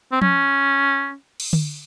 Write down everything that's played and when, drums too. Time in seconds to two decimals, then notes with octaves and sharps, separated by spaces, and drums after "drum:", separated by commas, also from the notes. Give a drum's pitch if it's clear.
0.12 C4
0.22 C#4, drum: tom F3
1.40 drum: cymbal
1.53 drum: tom D3